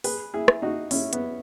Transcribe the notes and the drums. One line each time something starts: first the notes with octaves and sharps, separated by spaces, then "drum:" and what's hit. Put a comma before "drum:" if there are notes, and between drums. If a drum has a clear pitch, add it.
G#4 B4, drum: open hi-hat
E4 G#4
drum: rim click
D#4 F#4
C#4 E4, drum: open hi-hat
B3, drum: hi-hat